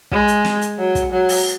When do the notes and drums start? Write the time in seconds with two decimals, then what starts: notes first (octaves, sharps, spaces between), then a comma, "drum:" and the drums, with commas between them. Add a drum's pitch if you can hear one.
0.11 G#3, drum: kick
0.28 drum: hi-hat
0.45 drum: snare
0.61 drum: hi-hat
0.79 F#3
0.95 drum: kick, hi-hat
1.12 F#3
1.29 drum: open hi-hat